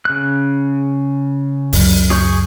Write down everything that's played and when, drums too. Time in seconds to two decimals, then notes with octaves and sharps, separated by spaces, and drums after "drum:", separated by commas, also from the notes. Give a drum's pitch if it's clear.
0.05 C#3 F#6
1.73 C#2 F#2, drum: open hi-hat
2.10 G#4 C#6 G6, drum: snare